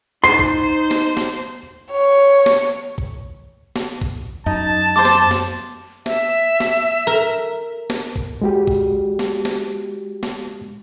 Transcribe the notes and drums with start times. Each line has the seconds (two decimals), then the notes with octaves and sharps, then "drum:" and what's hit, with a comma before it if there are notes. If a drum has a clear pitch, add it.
0.24 D#4 C5 C6 C7
0.39 drum: kick
0.91 drum: snare
1.17 drum: snare
1.91 C#5
2.46 drum: snare
2.98 drum: kick
3.76 drum: snare
4.01 drum: kick
4.46 F#2 D#4 A5
4.96 C5 A5 C6 D6
5.05 drum: snare
5.31 drum: snare
6.06 E5, drum: snare
6.60 drum: snare
7.07 A#4
7.90 drum: snare
8.16 drum: kick
8.42 G#3 F#4 G4
8.67 drum: kick
9.19 drum: snare
9.45 drum: snare
10.23 drum: snare